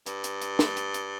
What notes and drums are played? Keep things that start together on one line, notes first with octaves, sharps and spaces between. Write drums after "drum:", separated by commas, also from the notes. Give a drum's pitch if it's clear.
G2, drum: hi-hat
drum: hi-hat
drum: hi-hat
drum: snare
drum: hi-hat
drum: hi-hat